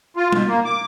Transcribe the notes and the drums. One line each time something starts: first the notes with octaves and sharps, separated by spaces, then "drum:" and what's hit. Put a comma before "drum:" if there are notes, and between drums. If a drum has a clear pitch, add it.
F4
B2, drum: tom G3
A#3
D6